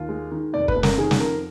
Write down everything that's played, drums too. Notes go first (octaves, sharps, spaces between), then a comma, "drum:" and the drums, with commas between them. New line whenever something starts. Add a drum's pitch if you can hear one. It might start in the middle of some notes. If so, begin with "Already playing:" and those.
Already playing: D#2 F4
G#3
D#3
F1 D5
B4, drum: kick
F1
A#4, drum: snare
D#3 G#4
drum: snare
F2 A#4